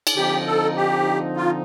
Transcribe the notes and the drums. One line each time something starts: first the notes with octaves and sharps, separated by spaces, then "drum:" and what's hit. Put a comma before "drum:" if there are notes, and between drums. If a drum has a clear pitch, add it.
drum: cymbal
D3 F3 C4 D#4 G4
A4
G4
F4